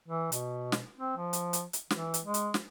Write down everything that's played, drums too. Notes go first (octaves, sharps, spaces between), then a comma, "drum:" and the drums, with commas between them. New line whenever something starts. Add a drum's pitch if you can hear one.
E3
B2, drum: hi-hat
drum: snare
C4
F3
drum: hi-hat
drum: hi-hat
drum: hi-hat
E3, drum: snare
drum: hi-hat
G#3
drum: hi-hat
drum: snare